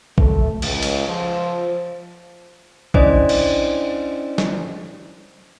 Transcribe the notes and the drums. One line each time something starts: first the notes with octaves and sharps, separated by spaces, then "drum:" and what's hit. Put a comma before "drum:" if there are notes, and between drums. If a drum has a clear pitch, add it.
A3, drum: kick
C#2, drum: cymbal
drum: cymbal
F3
C#4 D4 E4 C5 D5 D#5, drum: kick
drum: cymbal
drum: snare